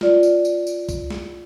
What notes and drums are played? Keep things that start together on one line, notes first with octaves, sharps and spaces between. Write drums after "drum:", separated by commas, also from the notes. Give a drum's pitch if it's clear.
F4 D5, drum: snare
drum: tambourine
drum: tambourine
drum: tambourine
drum: kick, tambourine
drum: snare